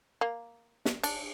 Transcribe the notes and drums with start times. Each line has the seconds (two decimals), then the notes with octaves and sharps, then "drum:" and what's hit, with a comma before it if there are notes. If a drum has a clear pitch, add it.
0.21 A#3
0.85 drum: snare
1.03 D4, drum: cymbal